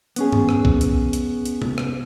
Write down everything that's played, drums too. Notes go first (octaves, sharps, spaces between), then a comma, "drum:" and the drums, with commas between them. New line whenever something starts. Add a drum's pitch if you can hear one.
B3 C#4 G#4, drum: hi-hat
drum: tom G2
drum: rim click
drum: kick B1
drum: hi-hat
drum: hi-hat
drum: hi-hat
drum: tom
drum: rim click